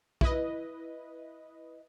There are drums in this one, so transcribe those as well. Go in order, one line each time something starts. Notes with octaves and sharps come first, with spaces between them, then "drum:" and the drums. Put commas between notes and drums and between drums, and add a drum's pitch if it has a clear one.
E4 B4 D#5, drum: kick B1